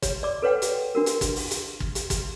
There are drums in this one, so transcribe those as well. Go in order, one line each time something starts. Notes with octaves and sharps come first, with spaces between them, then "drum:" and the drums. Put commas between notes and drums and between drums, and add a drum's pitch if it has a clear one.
C#5, drum: kick, hi-hat
D5 D6
A4 B4 C#5 F#5 G5
drum: hi-hat
D4 F#4 A#4
drum: hi-hat
drum: kick, hi-hat
drum: open hi-hat
drum: hi-hat
drum: kick
drum: hi-hat
drum: kick, hi-hat